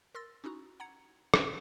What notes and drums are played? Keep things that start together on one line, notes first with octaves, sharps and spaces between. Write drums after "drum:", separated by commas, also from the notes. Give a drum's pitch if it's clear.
A#4 C6 E6 A6 A#6
C#4 D#4 E4 F#4 A#5 C#6
F#5 A#5 G#6 C#7
drum: rim click